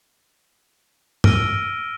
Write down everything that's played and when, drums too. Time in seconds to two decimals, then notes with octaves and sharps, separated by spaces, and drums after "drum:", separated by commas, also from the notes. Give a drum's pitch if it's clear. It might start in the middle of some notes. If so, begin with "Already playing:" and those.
1.24 E6 F6 A#6 D7 D#7 G7, drum: tom